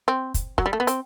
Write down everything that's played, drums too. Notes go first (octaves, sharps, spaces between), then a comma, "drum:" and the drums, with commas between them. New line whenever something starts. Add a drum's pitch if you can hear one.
C4
drum: kick, hi-hat
F#3, drum: kick
G3
A3
B3
C4, drum: hi-hat